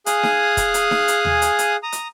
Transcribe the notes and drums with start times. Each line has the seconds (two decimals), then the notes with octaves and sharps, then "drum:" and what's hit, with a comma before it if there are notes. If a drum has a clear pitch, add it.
0.06 G#4 F5 G#5 D#6 F#6, drum: hi-hat
0.23 drum: snare D#4
0.57 drum: kick, hi-hat
0.74 drum: hi-hat
0.91 drum: snare D#4
1.08 drum: hi-hat
1.25 drum: tom D#2
1.42 drum: hi-hat
1.59 drum: hi-hat
1.83 A#5 D#6
1.92 drum: hi-hat